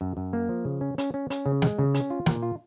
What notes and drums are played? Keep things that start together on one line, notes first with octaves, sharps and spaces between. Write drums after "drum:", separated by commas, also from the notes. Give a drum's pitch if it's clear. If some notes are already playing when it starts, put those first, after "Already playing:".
F#2
F#2
A#3
F3
C#3
C#4
C#4, drum: hi-hat
C#4
C#4, drum: hi-hat
C#3
G#3, drum: snare
C#3
C#4, drum: hi-hat
F4
A#2, drum: snare
F4